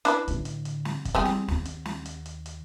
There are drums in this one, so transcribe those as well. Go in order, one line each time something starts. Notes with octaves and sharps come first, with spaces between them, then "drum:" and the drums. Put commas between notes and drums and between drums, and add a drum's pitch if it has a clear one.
D4 E4 B4, drum: hi-hat
A2 D3, drum: hi-hat
drum: hi-hat
drum: hi-hat
drum: snare
drum: kick, hi-hat
G3 C4 E4 G4 G#4
drum: snare
D#2 D#3, drum: snare
drum: hi-hat
drum: snare
drum: hi-hat
drum: hi-hat
drum: hi-hat